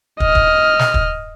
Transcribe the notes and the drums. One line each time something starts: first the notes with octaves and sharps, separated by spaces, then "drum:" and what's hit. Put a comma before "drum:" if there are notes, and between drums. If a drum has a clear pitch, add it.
D#5 F6, drum: kick
drum: kick
drum: snare
drum: kick